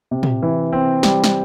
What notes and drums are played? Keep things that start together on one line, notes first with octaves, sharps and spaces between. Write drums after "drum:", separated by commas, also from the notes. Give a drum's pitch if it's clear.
C3
drum: tom
E3
C4
G3, drum: snare
drum: snare